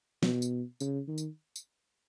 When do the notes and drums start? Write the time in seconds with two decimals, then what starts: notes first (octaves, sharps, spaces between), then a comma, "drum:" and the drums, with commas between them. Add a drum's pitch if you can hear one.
0.23 B2, drum: snare
0.42 drum: tambourine
0.80 C#3, drum: tambourine
1.08 D#3
1.18 drum: tambourine
1.56 drum: tambourine